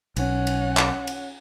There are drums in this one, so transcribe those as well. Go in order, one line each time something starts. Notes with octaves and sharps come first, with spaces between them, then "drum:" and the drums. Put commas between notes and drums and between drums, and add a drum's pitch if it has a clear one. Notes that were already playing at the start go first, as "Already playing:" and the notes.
B1 C#4 F#5, drum: cymbal
drum: cymbal
drum: clap
drum: cymbal